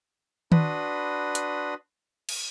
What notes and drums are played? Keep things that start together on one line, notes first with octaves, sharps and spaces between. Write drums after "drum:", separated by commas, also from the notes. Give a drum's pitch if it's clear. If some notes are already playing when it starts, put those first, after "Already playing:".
D4 F#4 B4 B5 C6 D#6, drum: tom D#3
drum: hi-hat
drum: cymbal